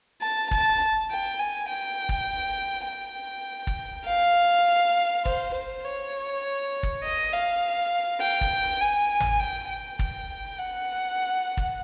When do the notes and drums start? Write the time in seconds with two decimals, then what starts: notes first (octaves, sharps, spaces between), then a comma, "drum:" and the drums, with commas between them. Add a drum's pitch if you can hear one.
0.22 A5
0.51 A5, drum: kick
1.11 G5
1.39 G#5
1.70 G5
2.09 drum: kick
2.88 G5
3.67 drum: kick
4.07 F5
5.25 C5, drum: kick
5.55 C5
5.85 C#5
6.83 drum: kick
7.04 D#5
7.33 F5
8.21 G5
8.41 drum: kick
8.81 G#5
9.20 drum: tom G#1
9.40 G5
9.69 G5
9.99 drum: kick
10.58 F#5
11.57 drum: kick